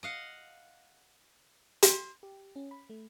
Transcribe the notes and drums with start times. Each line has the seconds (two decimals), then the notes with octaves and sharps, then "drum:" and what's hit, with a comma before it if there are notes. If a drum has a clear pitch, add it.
0.03 D#5 F5 F#5
1.82 drum: hi-hat
2.23 G4
2.56 C#4
2.71 B5
2.89 A3